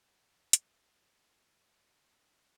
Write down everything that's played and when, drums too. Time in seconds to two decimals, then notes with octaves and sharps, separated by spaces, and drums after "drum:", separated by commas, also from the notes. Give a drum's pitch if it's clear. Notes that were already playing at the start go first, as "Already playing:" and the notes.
0.10 A3 E5 F#5 G5
0.53 G3 D5, drum: hi-hat
1.69 A4 F#5
2.06 G2 D3